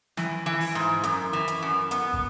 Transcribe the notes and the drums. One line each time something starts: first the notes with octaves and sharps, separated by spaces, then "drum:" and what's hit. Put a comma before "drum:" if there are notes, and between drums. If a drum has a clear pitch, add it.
E3, drum: snare
E3
drum: open hi-hat
G#2
F#2, drum: hi-hat
E3
drum: hi-hat
F#2
B3, drum: hi-hat
drum: kick